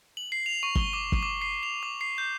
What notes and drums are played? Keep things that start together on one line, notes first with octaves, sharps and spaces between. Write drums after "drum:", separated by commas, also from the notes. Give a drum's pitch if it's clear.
F#7
C7
F7
C#6
G7, drum: kick
D6
drum: kick
D6
C7
F7
D6
C7
G6